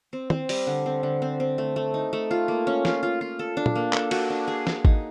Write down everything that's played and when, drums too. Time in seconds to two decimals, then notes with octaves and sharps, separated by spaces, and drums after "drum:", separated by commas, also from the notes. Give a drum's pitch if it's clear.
0.13 C4
0.30 C4, drum: tom
0.49 G3, drum: open hi-hat
0.67 D3
0.86 C4
1.03 D3
1.22 C4
1.40 C4
1.58 A3
1.76 A3
1.94 D#4
2.13 A3
2.31 F4
2.48 A#3
2.67 C#4
2.85 F4, drum: snare
3.03 F4
3.21 F4
3.39 A4
3.57 D4
3.66 drum: tom
3.75 A#3
3.93 A4, drum: clap
4.11 F#4, drum: cymbal
4.30 D4
4.48 G#4
4.67 G#4, drum: snare
4.85 D#4, drum: kick G#1